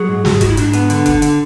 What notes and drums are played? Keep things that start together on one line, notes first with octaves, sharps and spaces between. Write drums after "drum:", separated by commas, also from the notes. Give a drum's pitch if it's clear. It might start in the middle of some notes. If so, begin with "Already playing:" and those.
Already playing: F#3 G#4
G#2
G#2 F#4, drum: snare
G#4
G#2 F#4, drum: kick F#1, hi-hat
E4
G#2 D4, drum: hi-hat
B3, drum: hi-hat
D3, drum: hi-hat
D3, drum: kick F#1, hi-hat
D3, drum: hi-hat